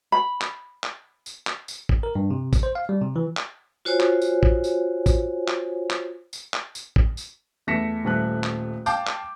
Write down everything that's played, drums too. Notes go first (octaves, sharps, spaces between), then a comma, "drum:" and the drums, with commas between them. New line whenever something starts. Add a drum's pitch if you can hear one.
B5
drum: clap
drum: clap
drum: tambourine
drum: clap
drum: tambourine
drum: kick
A#4
G2
C3
drum: kick, tambourine
C5
F5
G3
C3
E3
drum: clap
F4 F#4 C5 C#5 G#5
drum: clap
drum: tambourine
drum: kick
drum: tambourine
drum: kick, tambourine
drum: clap
drum: clap
drum: tambourine
drum: clap
drum: tambourine
drum: kick
drum: tambourine
E2 A3 A#6 B6 C#7 E7
D#1 A3 F#6
drum: clap
F5 G5 A5 D6 G6, drum: tambourine
drum: clap